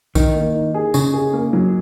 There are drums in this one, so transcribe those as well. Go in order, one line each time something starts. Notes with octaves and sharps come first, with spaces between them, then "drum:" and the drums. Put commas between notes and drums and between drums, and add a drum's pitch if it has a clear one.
D#3 D#4, drum: kick B1, tambourine
A#3
D#4
G#4
C#3 G#4, drum: tambourine
G#4
A#3
F#3